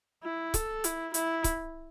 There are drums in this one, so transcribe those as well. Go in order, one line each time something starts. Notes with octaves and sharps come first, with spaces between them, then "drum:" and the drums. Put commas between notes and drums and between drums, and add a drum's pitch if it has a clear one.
E4
A4, drum: kick C#1, hi-hat
E4, drum: hi-hat
E4, drum: hi-hat
drum: kick C#1, hi-hat